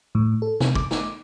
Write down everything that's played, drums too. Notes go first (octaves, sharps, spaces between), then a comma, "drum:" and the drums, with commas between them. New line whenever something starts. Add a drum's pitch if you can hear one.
A2
A4
C3, drum: snare
D6, drum: kick
drum: snare